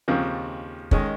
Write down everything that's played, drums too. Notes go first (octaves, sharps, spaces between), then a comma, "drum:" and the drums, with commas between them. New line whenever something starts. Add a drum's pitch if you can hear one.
D#2 C#3 F3 C4 F4
D#3 G#3 C#4, drum: kick